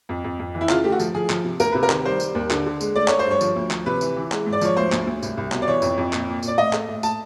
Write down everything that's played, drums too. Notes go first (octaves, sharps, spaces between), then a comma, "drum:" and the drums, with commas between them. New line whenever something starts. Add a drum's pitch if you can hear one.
F2
F2
F2
E3
E4
C#3 F4, drum: clap
A3 G4
F#4
F3, drum: tambourine
F3 G#4
F3, drum: clap
C3
D2 A#4, drum: tambourine
C3 B4
A#4
D#3, drum: clap
G3 C5
G3, drum: tambourine
D#2
D3, drum: clap
D3
G#3, drum: tambourine
A3 D5
A3 C#5, drum: clap
C5
G2 C#5
F3, drum: tambourine
D2
F3, drum: clap
C3 B4
E3, drum: tambourine
E3
G#3, drum: clap
G#2
D5
F3 C#5, drum: tambourine
D2 C5
D2, drum: clap
D2
C2, drum: tambourine
C2
B2, drum: clap
D5
E3 C#5
F2, drum: tambourine
F2
A#2, drum: clap
A#2
A#2, drum: tambourine
D5
A2 D#5
A3, drum: clap
A2
A5, drum: tambourine